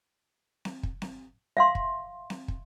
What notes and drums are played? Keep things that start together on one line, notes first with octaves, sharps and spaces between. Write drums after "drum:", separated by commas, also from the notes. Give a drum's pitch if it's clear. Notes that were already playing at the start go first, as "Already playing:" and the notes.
drum: snare C4
drum: kick
drum: snare C4
E5 F5 C6
drum: kick
drum: snare C4
drum: kick